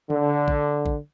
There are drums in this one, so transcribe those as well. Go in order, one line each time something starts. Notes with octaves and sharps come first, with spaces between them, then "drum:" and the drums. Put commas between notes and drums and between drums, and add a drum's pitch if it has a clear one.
D3, drum: tom C#3
drum: kick A1
drum: kick A1